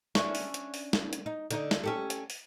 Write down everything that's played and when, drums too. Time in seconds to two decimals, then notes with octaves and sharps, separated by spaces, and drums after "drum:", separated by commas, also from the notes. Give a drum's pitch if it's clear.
0.15 C#4 D4 E5, drum: snare
0.35 drum: open hi-hat
0.54 drum: hi-hat
0.74 drum: open hi-hat
0.93 drum: snare
1.13 drum: hi-hat
1.26 D#4
1.51 D3 D#4 D#5, drum: hi-hat
1.71 drum: snare
1.84 C#4 G4 A4
2.10 drum: hi-hat
2.30 drum: open hi-hat